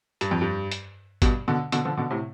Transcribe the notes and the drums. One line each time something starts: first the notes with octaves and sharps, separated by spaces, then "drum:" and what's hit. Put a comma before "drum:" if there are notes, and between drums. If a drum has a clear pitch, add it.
G2, drum: hi-hat
F2
G2
drum: hi-hat
G2 B2, drum: kick G#1, hi-hat
B2 D3
B2 D3, drum: hi-hat
D3 F3
B2 D3
A2 C3